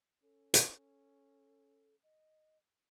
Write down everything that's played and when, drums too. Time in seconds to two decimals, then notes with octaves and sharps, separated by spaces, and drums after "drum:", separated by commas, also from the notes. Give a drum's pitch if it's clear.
0.23 C#4 A4
0.54 drum: hi-hat
2.03 D#5